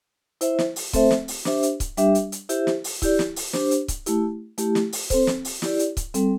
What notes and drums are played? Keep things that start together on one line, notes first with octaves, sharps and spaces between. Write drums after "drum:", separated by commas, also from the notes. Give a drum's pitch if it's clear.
E4 C5 E5, drum: hi-hat
drum: snare
drum: open hi-hat
A3 C4 A4 C5 E5, drum: kick C#1, hi-hat
drum: snare
drum: open hi-hat
D4 G4 C5 E5, drum: snare
drum: hi-hat
drum: kick C#1, hi-hat
G3 D4 G4 E5, drum: hi-hat
drum: hi-hat
drum: hi-hat
E4 G4 C5 E5, drum: hi-hat
drum: snare
drum: open hi-hat
E4 G4 D5, drum: kick C#1, hi-hat
drum: snare
drum: open hi-hat
D4 G4 C5, drum: snare
drum: hi-hat
drum: kick C#1, hi-hat
A3 E4 G4, drum: hi-hat
A3 E4 G4, drum: hi-hat
drum: snare
drum: open hi-hat
C4 A4 C5, drum: kick C#1, hi-hat
drum: snare
drum: open hi-hat
E4 G4 D5, drum: snare
drum: hi-hat
drum: kick C#1, hi-hat
G3 C4 A4, drum: hi-hat